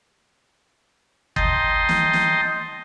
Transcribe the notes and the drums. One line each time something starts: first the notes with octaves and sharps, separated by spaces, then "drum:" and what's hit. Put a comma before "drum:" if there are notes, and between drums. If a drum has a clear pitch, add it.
D#5 G5 A5 A#5 C6, drum: kick
drum: snare
drum: snare